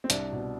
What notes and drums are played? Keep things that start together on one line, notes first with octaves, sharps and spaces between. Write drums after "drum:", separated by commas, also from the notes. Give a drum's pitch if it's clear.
C4
C2 D4, drum: hi-hat
B2